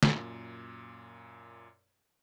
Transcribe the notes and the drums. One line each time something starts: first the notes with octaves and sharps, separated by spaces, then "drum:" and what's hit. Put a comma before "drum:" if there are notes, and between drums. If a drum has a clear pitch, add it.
F#2 A#2, drum: snare